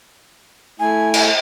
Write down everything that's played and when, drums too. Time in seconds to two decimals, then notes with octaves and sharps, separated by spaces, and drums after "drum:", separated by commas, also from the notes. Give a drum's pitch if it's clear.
0.80 A3 E4 G#5
1.14 drum: cymbal